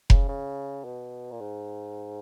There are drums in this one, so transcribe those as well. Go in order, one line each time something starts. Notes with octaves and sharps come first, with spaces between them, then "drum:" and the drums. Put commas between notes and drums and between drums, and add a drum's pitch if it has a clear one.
C#3, drum: kick F1
C#3
B2
A#2
G#2